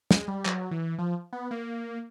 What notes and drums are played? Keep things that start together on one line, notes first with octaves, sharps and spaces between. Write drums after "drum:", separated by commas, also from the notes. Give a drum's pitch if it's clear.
G#3, drum: snare
G3
F#3, drum: clap
E3
F3
B3
A#3